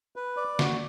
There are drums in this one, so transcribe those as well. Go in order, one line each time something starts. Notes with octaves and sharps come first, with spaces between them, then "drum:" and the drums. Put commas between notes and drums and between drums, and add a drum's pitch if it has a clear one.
B4
D5
F#4, drum: snare